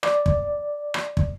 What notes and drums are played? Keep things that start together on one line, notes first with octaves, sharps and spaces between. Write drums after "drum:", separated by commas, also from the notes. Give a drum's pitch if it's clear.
D5, drum: rim click
drum: kick
drum: rim click
drum: kick